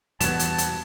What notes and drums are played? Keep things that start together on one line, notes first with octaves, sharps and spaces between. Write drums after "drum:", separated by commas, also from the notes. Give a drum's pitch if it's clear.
E2 B2 G3 B3 F#4 A5 G#6 E7, drum: hi-hat
drum: hi-hat
drum: hi-hat